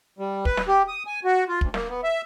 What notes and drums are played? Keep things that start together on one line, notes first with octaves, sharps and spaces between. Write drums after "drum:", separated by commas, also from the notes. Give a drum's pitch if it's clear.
G3
B4, drum: kick
drum: snare
G4
D#6
G#5
F#4
F4
D2, drum: kick
A#3, drum: snare
B3
E5